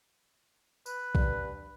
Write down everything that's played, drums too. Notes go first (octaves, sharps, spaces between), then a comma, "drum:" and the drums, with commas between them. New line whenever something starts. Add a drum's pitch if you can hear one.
B4, drum: tambourine
G2, drum: kick B1